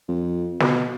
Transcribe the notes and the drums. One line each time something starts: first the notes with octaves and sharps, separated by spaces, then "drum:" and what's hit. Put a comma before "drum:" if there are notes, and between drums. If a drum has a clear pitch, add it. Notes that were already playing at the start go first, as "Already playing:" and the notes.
F2
B2, drum: snare